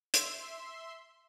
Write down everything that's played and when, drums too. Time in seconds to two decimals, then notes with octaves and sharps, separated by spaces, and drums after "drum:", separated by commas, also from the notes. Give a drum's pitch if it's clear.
0.14 E5 C6, drum: hi-hat